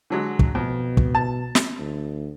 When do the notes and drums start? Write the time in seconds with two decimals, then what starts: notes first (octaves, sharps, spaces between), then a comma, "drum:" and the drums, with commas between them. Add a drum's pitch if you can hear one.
0.10 D3 F#3 G#3
0.39 drum: kick
0.55 F2 B2
0.97 drum: kick
1.15 A5
1.55 drum: snare
1.80 D2